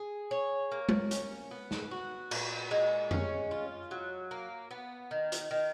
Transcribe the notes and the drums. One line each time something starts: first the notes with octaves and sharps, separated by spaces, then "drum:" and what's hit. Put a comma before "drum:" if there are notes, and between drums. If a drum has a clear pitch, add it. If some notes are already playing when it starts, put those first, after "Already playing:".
Already playing: G#4
C#5
A#3
drum: tom G#3
C#4, drum: hi-hat
B3
drum: snare
F#4
A#2, drum: cymbal
G#3
C#4, drum: tom F2
F4
F#3
A#3
B3
D#3
drum: hi-hat
D#3